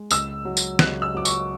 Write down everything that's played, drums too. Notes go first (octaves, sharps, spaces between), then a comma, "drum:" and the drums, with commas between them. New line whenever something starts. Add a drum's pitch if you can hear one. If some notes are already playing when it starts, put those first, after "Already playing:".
Already playing: G#3
C#2 E6, drum: tambourine
F#3
drum: tambourine
C#2 F#6, drum: snare
E6
F#3 D6
C#6, drum: tambourine